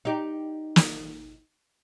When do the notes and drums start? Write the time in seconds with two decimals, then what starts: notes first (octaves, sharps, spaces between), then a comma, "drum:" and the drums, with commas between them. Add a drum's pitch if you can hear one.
0.05 D#4 G4
0.76 drum: snare